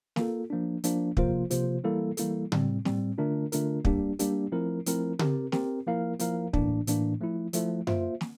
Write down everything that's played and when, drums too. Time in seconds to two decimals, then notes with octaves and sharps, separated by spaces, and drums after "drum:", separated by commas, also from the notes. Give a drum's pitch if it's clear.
0.16 A#3 F4 A4, drum: snare
0.50 F3 A#3 D4
0.84 F3 A#3 D4, drum: hi-hat
1.17 C3 F3 A#3 F4 C5, drum: kick
1.51 C3 F3 A#3 F4 C5, drum: hi-hat
1.84 E3 G3 A#3 E4 A4
2.17 E3 G3 A#3 E4 A4, drum: hi-hat
2.52 A2 G3 C4, drum: tom C#3
2.85 A2 G3 C4, drum: snare
3.18 D3 A3 D4 F4 A#4
3.52 D3 A3 D4 F4 A#4, drum: hi-hat
3.85 G3 A#3 D4 G4, drum: kick
4.19 G3 A#3 D4 G4, drum: hi-hat
4.52 F3 A3 C4 E4 A#4
4.86 F3 A3 C4 E4 A#4, drum: hi-hat
5.19 C4 G4 A#4, drum: tom C#3
5.52 C4 G4 A#4, drum: snare
5.86 F3 A#3 E4 A#4 F5
6.19 F3 A#3 E4 A#4 F5, drum: hi-hat
6.54 A2 E3 A#3 D4, drum: kick
6.87 A2 E3 A#3 D4, drum: hi-hat
7.21 F3 A3 E4
7.53 F3 A3 E4, drum: hi-hat
7.87 A#3 F4 C5 E5, drum: tom F#2
8.21 drum: snare